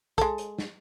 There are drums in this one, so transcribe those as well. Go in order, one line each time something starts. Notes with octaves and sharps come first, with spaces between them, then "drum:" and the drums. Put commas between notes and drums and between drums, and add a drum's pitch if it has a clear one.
G#3 A4, drum: kick, hi-hat
drum: hi-hat
drum: snare